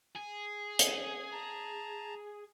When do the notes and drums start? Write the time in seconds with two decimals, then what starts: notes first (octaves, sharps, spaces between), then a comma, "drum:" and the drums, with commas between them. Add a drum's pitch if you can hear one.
0.15 G#4
0.79 drum: hi-hat
1.32 A5 A#5